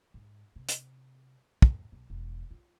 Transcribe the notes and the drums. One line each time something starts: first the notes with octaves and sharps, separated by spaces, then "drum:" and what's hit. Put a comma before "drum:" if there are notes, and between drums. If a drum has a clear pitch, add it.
G#2
C3
drum: hi-hat
A2, drum: kick
B1
E1
F4